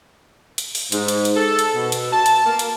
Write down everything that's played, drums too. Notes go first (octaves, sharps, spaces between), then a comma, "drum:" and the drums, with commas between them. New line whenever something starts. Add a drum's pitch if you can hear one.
drum: hi-hat
drum: open hi-hat
G#2, drum: hi-hat
drum: hi-hat
drum: hi-hat
A4
drum: hi-hat
B2
drum: hi-hat
A5
drum: hi-hat
A#3
drum: hi-hat